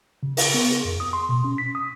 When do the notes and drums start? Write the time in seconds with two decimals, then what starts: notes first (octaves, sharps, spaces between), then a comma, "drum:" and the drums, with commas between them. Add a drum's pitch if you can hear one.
0.23 C#3
0.37 A#4, drum: open hi-hat
0.54 B3
0.71 G#4
0.85 F2
1.00 D#6
1.13 C6
1.29 B2
1.44 C#4
1.58 B6
1.75 D#6